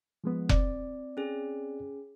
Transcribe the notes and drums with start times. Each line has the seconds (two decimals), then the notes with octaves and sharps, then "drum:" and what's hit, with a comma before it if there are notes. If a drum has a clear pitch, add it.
0.24 F3 G#3 B3
0.49 C4 D5, drum: kick F1
1.17 C#4 G#4